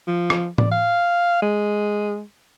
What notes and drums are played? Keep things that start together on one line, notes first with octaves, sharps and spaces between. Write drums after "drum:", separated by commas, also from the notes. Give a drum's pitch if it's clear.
F3
drum: rim click
D5, drum: tom
F5
G#3